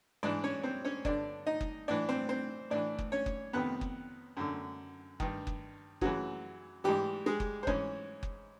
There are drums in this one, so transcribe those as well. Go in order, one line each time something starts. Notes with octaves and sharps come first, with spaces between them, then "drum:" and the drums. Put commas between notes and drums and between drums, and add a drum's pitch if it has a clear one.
G#2 E3 D4 D5
C#4 C#5
C4 C5
C#4 C#5
G2 D3 D4 D5, drum: kick F#1
D#4 D#5
drum: kick F#1
A2 E3 D4 D5
C4 C5
C4 C5
A2 E3 D4 D5
drum: kick F#1
C#4 C#5
drum: kick F#1
F2 C3 D#3 B3 B4
drum: kick F#1
F#2 D3
G2 D#3, drum: kick F#1
drum: kick F#1
F#2 C#3 E3 F#3 F#4, drum: kick F#1
G#2 E3 G3 G4
G#3 G#4
drum: kick F#1
C5
G#2 E3 C#4 C#5, drum: kick F#1
drum: kick F#1